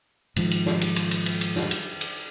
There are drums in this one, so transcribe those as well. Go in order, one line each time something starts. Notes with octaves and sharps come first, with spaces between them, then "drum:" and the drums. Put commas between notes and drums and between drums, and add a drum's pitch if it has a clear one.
G#2 D#3 F3, drum: cymbal
drum: cymbal
drum: snare
drum: cymbal
drum: cymbal
drum: cymbal
drum: cymbal
drum: cymbal
drum: snare
drum: cymbal
drum: cymbal